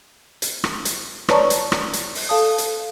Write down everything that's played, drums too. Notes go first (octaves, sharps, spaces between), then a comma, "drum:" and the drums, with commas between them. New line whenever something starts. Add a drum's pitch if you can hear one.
drum: hi-hat
drum: rim click
drum: hi-hat
B4 C#5 D5 A5 A#5 C#6, drum: rim click
drum: hi-hat
drum: rim click
drum: hi-hat
drum: open hi-hat
A4 F5 A5 D#6
drum: hi-hat